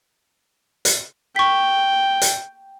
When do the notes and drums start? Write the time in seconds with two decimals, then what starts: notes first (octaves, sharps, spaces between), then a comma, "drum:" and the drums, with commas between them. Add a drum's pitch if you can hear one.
0.85 drum: hi-hat
1.36 G5 C#6 B6
2.21 drum: hi-hat